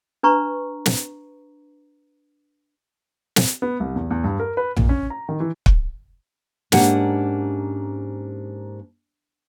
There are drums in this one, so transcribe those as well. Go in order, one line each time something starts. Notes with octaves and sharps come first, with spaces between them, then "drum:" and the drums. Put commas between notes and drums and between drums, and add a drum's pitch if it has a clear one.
D4 B4 A#5 C#6
drum: snare
drum: snare
B3
C2
E2
E2
G2
A#4
B4
A#2, drum: tom A#1
C#4
A#5
D#3
E3
drum: kick
G#2 A#3 C#4 D4 G4 F#5, drum: snare